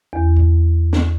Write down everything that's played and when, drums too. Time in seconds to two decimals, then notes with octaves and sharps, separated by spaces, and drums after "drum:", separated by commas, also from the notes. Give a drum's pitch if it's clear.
0.13 E2
0.37 drum: kick C2
0.93 drum: snare